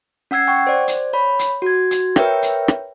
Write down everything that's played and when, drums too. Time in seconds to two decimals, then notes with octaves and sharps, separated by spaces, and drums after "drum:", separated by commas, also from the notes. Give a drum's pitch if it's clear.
0.31 C#4 F#5 E6 G#6 C7
0.47 F#5 G5 C#6
0.67 C5 D5
0.88 drum: hi-hat
1.13 C#5 B5
1.39 drum: hi-hat
1.62 F#4 G#6
1.91 drum: hi-hat
2.16 A#4 B4 C#5 E5 G5, drum: rim click
2.42 drum: hi-hat
2.68 drum: rim click